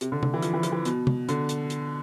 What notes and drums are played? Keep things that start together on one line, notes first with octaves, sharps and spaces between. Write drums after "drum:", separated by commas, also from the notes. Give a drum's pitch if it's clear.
C3, drum: hi-hat
D3
drum: tom C3
E3
F3, drum: hi-hat
E3
F3, drum: hi-hat
E3
B2, drum: hi-hat
drum: tom C3
D3, drum: hi-hat
drum: hi-hat
drum: hi-hat